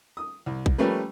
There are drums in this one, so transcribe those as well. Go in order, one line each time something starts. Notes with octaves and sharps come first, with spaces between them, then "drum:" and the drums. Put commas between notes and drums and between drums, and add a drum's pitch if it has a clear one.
D#6
C2
drum: kick A#1
F3 G3 A3 A#3 C#4 B4